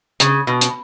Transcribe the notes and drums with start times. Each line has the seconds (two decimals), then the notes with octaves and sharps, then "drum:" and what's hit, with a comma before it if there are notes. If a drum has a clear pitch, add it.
0.20 C#3, drum: hi-hat
0.47 B2
0.61 drum: hi-hat